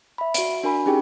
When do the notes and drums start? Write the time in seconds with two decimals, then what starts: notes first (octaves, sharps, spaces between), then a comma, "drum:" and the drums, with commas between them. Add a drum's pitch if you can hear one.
0.18 E5 B5
0.34 F#4 D7, drum: hi-hat
0.63 D4 F#4 A#4 G#5 B5
0.86 C#4 D#4 G4 G#4 G5